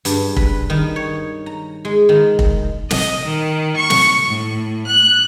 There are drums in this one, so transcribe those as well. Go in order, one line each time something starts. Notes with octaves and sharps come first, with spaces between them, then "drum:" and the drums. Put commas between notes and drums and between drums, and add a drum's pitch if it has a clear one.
G2, drum: hi-hat
B4, drum: kick
D#3
C#5
A#5
G#3
D#3
drum: kick
D#5, drum: snare
D#3
C#6
drum: snare
A2
F#6